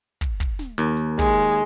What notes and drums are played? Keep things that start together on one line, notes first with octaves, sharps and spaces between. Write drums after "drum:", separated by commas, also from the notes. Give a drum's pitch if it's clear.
drum: kick, hi-hat
drum: kick, hi-hat
drum: snare
D#2, drum: hi-hat
drum: hi-hat
G#3, drum: kick, hi-hat
drum: hi-hat